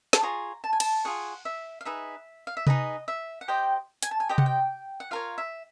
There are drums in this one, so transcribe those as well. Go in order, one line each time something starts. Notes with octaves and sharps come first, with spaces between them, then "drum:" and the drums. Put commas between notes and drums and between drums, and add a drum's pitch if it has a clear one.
A5, drum: snare
F4 G#4 C#5 A#5
A5
G#5
A5, drum: cymbal
F4 G#4 C#5 F#5
E5
F5
D#4 G#4 B4 E5
F5
E5
D#4 G#4 B4 D#5, drum: tom C3
E5
F#5
G4 C5 D#5 G5
G#5, drum: hi-hat
A5
G#5
G4 C5 D#5 G5
F#5, drum: tom C3
G5
F#5
F4 A#4 C#5 F5
E5